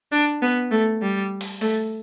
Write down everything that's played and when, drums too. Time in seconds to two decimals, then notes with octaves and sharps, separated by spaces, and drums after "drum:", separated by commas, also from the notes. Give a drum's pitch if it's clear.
0.12 D4
0.42 B3
0.71 A3
1.02 G3
1.41 drum: open hi-hat
1.61 A3, drum: open hi-hat